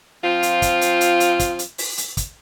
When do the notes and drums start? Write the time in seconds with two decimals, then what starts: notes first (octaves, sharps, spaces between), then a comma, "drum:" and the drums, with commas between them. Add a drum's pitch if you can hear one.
0.23 F3 C4 F4
0.43 drum: hi-hat
0.62 drum: kick, hi-hat
0.81 drum: hi-hat
1.01 drum: hi-hat
1.20 drum: hi-hat
1.39 drum: kick, hi-hat
1.59 drum: hi-hat
1.78 drum: open hi-hat
1.98 drum: hi-hat
2.17 drum: kick, hi-hat